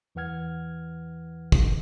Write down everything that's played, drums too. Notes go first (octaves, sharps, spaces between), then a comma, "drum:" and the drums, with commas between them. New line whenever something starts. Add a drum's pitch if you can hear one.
E2 E3 B4 F#5 F6 G#6
drum: kick